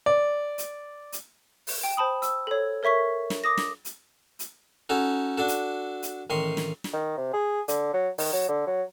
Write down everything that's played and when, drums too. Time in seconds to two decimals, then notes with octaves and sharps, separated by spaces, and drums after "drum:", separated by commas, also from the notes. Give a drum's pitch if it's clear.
0.06 D5
0.58 drum: hi-hat
1.12 drum: hi-hat
1.67 drum: open hi-hat
1.83 G5
1.97 C5 A5 B5 D#6
2.22 E6, drum: hi-hat
2.47 A4 C#5
2.83 A#4 C#5 E5 C#6 B6
3.30 drum: snare
3.44 D6 D#6 A#6
3.57 drum: snare
3.85 drum: hi-hat
4.39 drum: hi-hat
4.89 C#4 D#4 F#4 A4
5.38 D4 F#4 A4
5.48 drum: hi-hat
6.03 drum: hi-hat
6.30 A1 D#3 D#5 C6 C#6
6.57 drum: snare
6.84 drum: snare
6.93 D#3
7.17 C3
7.34 G#4
7.68 D3, drum: hi-hat
7.93 F#3
8.18 D#3, drum: open hi-hat
8.33 F#3
8.49 D3
8.67 F#3